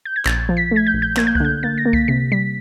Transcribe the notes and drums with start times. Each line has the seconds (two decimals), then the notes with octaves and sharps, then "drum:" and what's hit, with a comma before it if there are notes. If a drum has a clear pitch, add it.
0.05 G6
0.16 G#6
0.25 A#1 A6, drum: clap
0.49 F3
0.57 B6
0.71 A3 G#6
0.87 G6
0.94 A#1
1.02 G6
1.17 A#3 G#6, drum: clap
1.27 G6
1.35 F#6, drum: kick C2
1.40 D3 G6
1.63 A#3 A6
1.78 A#6
1.85 A#3
1.93 B6, drum: kick C2
2.08 C3 B6
2.32 G3 B6